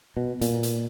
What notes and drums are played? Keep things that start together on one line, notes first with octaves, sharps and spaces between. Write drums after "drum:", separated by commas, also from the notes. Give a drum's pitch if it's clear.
B2
A#2, drum: hi-hat
drum: hi-hat